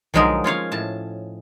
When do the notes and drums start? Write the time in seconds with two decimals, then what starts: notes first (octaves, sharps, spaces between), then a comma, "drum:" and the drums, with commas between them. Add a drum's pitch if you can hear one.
0.14 D3 F3 F#3 G#3 D#4 A#4, drum: tom B1
0.44 C#4 F4 C#5 F5
0.72 A2 A5